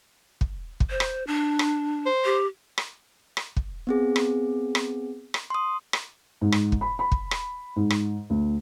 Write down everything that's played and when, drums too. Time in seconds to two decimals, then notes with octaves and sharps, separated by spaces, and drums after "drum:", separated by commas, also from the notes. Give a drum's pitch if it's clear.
0.41 drum: kick
0.80 drum: kick
0.90 C5
1.00 drum: rim click
1.27 D4
1.59 drum: rim click
2.06 C5
2.25 G4
2.78 drum: rim click
3.37 drum: rim click
3.56 drum: kick
3.87 B3 C4 G#4
4.16 drum: rim click
4.75 drum: rim click
5.34 drum: rim click
5.50 C6 D#6
5.93 drum: rim click
6.41 G#2
6.52 drum: rim click
6.72 drum: kick
6.81 B5
6.99 B5
7.12 drum: kick
7.31 drum: rim click
7.76 G#2
7.90 drum: rim click
8.30 D2